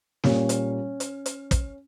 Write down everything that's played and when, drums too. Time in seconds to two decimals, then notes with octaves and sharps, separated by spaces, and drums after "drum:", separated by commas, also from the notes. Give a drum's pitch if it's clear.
0.24 A#2 G3 A#3 C#4, drum: snare
0.49 drum: hi-hat
1.00 drum: hi-hat
1.26 drum: hi-hat
1.51 drum: kick, hi-hat